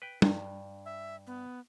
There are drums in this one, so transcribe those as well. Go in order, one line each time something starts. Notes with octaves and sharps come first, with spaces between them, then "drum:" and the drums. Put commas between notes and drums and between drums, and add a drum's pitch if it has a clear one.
B4 G5
G2, drum: tom
E5
B3